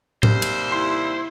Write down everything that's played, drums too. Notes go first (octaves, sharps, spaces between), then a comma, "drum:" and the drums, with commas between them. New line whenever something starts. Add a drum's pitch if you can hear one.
D#2 C3 G3 C5, drum: tom A2
drum: cymbal
E4 C6